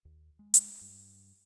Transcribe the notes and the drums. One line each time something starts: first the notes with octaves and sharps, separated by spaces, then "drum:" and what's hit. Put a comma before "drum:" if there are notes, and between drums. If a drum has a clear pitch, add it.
D#2
G#3
drum: hi-hat
G2